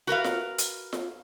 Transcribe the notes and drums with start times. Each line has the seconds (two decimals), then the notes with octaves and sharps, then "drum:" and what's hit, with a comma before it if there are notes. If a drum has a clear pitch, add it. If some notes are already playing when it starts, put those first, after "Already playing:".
0.07 F#4 A#4 B4 F5
0.24 drum: snare F4
0.58 drum: hi-hat
0.93 drum: snare F4